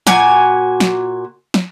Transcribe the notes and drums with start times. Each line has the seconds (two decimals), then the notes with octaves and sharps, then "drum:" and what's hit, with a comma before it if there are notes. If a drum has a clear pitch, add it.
0.07 A#2 F#4 G#5, drum: snare
0.80 drum: snare
1.54 drum: snare